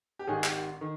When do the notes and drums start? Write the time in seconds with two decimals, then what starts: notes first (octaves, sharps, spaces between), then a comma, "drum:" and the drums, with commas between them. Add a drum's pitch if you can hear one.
0.19 G4
0.28 G#1 G#2 D#3 G#4
0.44 G4, drum: clap
0.81 D#3